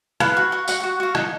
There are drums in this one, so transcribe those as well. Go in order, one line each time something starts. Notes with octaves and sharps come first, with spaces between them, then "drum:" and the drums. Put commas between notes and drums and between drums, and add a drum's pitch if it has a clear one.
B4 F5, drum: rim click
F#4
F#4
F#4 F#5, drum: tambourine
F#4 F#5
F#4 F5
D#4 F#5, drum: rim click